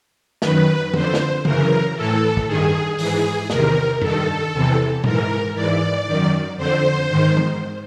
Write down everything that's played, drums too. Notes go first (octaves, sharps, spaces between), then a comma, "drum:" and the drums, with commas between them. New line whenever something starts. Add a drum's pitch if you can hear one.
F#2 D#3 B4, drum: snare
F2 D3 C5, drum: tom D3
drum: snare
F#2 C#3 E3 A#4, drum: tom D3
A2 E3 A4
drum: kick
G2 D#3 G#4
G#2 E3 G#4, drum: open hi-hat
E2 C3 D#3 A#4, drum: snare
G2 D#3 A4, drum: tom F2
E2 C3 E3
G#2 E3 A#4, drum: tom A#2
G#2 E3 D5
F#2 D#3
F2 D3 C5
G#2 D#3
drum: tom E3